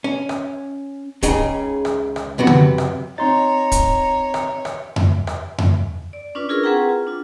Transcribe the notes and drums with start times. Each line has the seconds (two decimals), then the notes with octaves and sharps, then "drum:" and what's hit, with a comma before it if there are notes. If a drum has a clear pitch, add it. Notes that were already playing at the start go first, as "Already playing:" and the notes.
0.04 C#4
0.29 drum: rim click
1.23 C#2 C#3 C#4 D#4 G#4 G5, drum: kick, hi-hat
1.85 drum: rim click
2.16 drum: rim click
2.38 F#2 C3 B3 F#4
2.47 drum: tom
2.78 drum: rim click
3.18 C4 D#4 C#5 A#5 C6 A6
3.72 drum: kick, hi-hat
4.34 drum: rim click
4.65 drum: rim click
4.96 drum: tom F2
5.27 drum: rim click
5.58 drum: tom F2
6.13 D5
6.35 C#4 D4 F4 B4
6.49 E4 F4 G#4 A#4 C#6
6.63 C4 G#4 B4 F#5 G5 A#5
6.89 F4
7.07 D4 F4